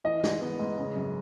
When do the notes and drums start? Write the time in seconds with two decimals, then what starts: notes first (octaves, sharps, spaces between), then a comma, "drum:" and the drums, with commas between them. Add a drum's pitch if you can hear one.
0.04 E3 D#5
0.24 G#2, drum: snare
0.41 B3
0.59 G#2
0.78 C#3
0.96 F#2